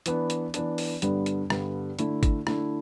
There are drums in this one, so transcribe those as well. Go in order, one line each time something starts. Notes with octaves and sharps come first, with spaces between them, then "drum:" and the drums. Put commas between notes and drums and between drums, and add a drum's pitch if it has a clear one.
E3 B3 D4, drum: hi-hat
drum: hi-hat
E3 B3 D4, drum: hi-hat
drum: open hi-hat
G2 D3 G3 B3, drum: hi-hat
drum: hi-hat
G2 D3 G3 B3, drum: rim click
D3 A3 E4, drum: hi-hat
drum: kick G#1, hi-hat
D3 A3 E4, drum: rim click